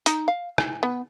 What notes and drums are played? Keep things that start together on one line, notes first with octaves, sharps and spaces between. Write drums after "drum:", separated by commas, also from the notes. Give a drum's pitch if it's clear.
D#4, drum: hi-hat
F5
E4, drum: rim click
B3